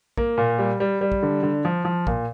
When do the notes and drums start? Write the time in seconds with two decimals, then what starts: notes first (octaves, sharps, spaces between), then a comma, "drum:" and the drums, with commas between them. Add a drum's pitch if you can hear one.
0.17 A#3, drum: kick
0.38 A#2
0.58 G3
0.80 G3
1.01 G3
1.12 drum: kick
1.23 D3
1.43 D3
1.65 F3
1.85 F3
2.07 A#2, drum: kick